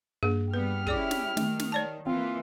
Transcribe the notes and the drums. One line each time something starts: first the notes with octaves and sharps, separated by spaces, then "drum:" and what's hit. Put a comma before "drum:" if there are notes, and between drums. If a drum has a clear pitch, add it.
G2 A#3 G#4
G3 B3 G4 B4 F6
C#4 E4 G#4 D5 D6, drum: kick
drum: snare
D#3 A3, drum: snare
drum: snare
C#5 D5 A5
E3 A#3 C4 F4